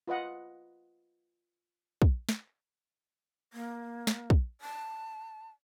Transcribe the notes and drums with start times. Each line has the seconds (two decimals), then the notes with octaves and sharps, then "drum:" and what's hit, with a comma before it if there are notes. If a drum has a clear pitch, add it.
0.07 F4 B4 D#5 F#5
2.02 drum: kick
2.29 drum: snare
3.53 A#3
4.07 drum: snare
4.30 drum: kick
4.61 A5